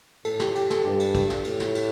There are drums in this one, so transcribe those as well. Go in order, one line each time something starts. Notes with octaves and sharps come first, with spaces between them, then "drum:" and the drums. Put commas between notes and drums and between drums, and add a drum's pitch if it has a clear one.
A2 A4, drum: cymbal
G4, drum: snare
G4, drum: cymbal
A4, drum: snare
G2 G4
drum: cymbal
drum: kick, cymbal
drum: snare
A2, drum: cymbal
drum: snare
drum: cymbal